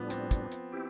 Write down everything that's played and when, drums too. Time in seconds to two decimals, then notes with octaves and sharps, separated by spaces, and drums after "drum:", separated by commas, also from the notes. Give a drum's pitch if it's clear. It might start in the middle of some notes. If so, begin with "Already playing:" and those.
Already playing: A2 F3 G3 B3 D4
0.10 C4, drum: hi-hat
0.31 drum: kick, hi-hat
0.52 drum: hi-hat
0.72 C4 E4 G4